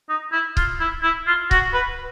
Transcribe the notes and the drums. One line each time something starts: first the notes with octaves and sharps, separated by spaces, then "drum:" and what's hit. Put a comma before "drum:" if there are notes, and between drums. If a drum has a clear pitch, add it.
D#4
E4
F4, drum: kick C#1
E4
E4
F4
F#4, drum: kick C#1
B4